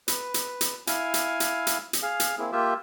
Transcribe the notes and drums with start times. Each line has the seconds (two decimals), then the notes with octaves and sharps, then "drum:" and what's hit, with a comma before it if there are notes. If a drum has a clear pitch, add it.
0.08 B4, drum: hi-hat
0.34 drum: hi-hat
0.61 drum: hi-hat
0.87 E4 F5 G#5, drum: hi-hat
1.14 drum: hi-hat
1.40 drum: hi-hat
1.67 drum: hi-hat
1.93 drum: hi-hat
2.02 G#4 F5
2.20 drum: hi-hat
2.39 A#3 C4 E4 G#4
2.52 A#3 F4 G4 E5